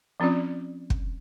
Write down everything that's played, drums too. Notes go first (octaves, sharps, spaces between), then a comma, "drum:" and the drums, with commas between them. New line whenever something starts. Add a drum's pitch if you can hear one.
F3 C4 C#4 F4 D5
drum: kick